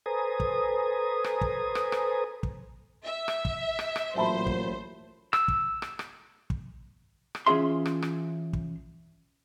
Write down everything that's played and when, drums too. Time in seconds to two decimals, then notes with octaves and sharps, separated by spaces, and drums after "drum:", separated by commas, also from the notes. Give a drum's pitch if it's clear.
0.06 A4 B4 C5 G#5 A#5 D#6
0.40 drum: kick
1.24 drum: rim click
1.41 drum: kick
1.75 drum: rim click
1.92 drum: rim click
2.43 drum: kick
3.05 E5
3.28 drum: rim click
3.45 drum: kick
3.79 drum: rim click
3.96 drum: rim click
4.16 A1 A#2 F#3 C5 E5 A5 B5
4.46 drum: kick
5.33 E6, drum: rim click
5.48 drum: kick
5.82 drum: rim click
5.99 drum: rim click
6.50 drum: kick
7.35 drum: rim click
7.46 E3 C#4 F4 G#4 E5 C6
7.86 drum: rim click
8.02 drum: rim click
8.53 drum: kick